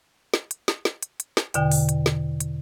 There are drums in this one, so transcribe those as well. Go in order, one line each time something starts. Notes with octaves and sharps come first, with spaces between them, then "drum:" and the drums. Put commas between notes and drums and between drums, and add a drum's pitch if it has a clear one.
drum: snare
drum: hi-hat
drum: snare
drum: snare
drum: hi-hat
drum: hi-hat
drum: snare
E2 B2 D3 G5, drum: hi-hat
drum: open hi-hat
drum: hi-hat
drum: snare
drum: hi-hat